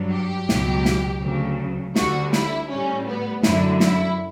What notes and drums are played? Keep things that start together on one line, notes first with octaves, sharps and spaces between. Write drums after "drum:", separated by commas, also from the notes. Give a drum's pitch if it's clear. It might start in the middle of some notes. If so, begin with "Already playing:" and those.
Already playing: G2 F#3
G4
C#2 B2 F#3, drum: snare
drum: snare
D2 C#3 F#3
D2 D3 G3 F#4, drum: snare
E4, drum: snare
A2 G3 C#4
B3
F#2 D3 F#3 E4, drum: snare
E4, drum: snare